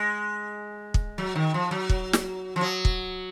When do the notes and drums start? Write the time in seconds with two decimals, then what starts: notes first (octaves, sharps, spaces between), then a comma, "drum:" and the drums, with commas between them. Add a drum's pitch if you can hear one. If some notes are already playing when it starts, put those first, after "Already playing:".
Already playing: G#3
0.94 drum: kick
1.18 F#3
1.35 D#3
1.54 F3
1.71 F#3
1.90 drum: kick
2.13 drum: snare
2.56 F3
2.61 F#3
2.85 drum: kick